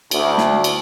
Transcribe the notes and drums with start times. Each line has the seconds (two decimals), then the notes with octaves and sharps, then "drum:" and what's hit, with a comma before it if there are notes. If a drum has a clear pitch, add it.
0.11 D2, drum: cymbal
0.38 drum: snare
0.64 drum: cymbal